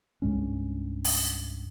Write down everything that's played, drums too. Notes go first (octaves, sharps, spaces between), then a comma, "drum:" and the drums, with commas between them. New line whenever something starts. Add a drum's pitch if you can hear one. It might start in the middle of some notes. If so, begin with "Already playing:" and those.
C2 G2 G#3 C#4
drum: open hi-hat